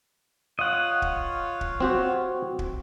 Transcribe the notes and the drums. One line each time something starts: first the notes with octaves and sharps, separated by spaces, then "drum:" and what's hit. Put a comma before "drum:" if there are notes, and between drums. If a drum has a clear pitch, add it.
F4 C#5 D#5 F5 F#5
drum: kick
drum: kick
C4 F#4 G4
drum: kick